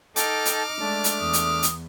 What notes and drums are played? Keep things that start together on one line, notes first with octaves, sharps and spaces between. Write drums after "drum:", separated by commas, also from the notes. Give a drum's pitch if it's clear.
D#4 A4 G5 A5 D6 F6, drum: hi-hat
drum: hi-hat
G#3 A3 D4 D5
drum: hi-hat
E2 D#6
drum: hi-hat
drum: hi-hat